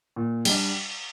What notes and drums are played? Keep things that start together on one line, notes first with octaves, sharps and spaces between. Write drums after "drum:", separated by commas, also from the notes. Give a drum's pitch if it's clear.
A#2
G3 D4, drum: cymbal